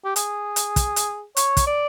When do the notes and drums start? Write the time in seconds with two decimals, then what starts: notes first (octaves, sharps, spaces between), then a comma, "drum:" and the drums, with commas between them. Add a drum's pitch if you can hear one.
0.05 G4
0.16 G#4, drum: hi-hat
0.56 drum: hi-hat
0.76 drum: kick, hi-hat
0.96 drum: hi-hat
1.37 C#5, drum: hi-hat
1.57 drum: kick, hi-hat
1.67 D5